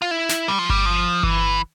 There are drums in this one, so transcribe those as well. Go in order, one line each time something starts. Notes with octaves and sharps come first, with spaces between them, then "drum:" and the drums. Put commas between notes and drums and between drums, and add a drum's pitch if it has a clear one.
F4
E4
drum: snare
G3
F3
G3, drum: kick G1
F3
E3, drum: kick G1